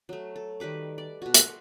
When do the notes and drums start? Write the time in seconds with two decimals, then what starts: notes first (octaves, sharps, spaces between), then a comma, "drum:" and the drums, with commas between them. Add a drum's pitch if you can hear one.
0.09 F#3 A3
0.36 A4
0.60 D#3 G3 B4 D6
0.98 D5
1.22 B2 F#4
1.34 D5 B5 C6, drum: hi-hat